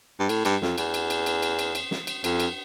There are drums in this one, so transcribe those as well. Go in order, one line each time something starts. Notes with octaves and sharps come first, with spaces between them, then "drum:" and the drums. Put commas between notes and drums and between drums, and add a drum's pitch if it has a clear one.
G2
A2, drum: cymbal
G2, drum: cymbal
F2, drum: snare
E2, drum: cymbal
drum: cymbal
drum: cymbal
drum: cymbal
drum: cymbal
drum: cymbal
drum: cymbal
drum: snare
drum: cymbal
F2, drum: cymbal
drum: cymbal